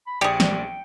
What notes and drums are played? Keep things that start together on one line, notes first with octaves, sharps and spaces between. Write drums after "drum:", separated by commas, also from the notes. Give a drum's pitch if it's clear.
B5
A#1 G4 G#4 D5 G5 C#7
drum: snare